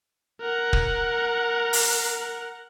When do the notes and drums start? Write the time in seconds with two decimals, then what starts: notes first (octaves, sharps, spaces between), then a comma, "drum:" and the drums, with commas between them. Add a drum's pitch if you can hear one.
0.41 A#4 F#5
0.73 drum: kick
1.73 drum: open hi-hat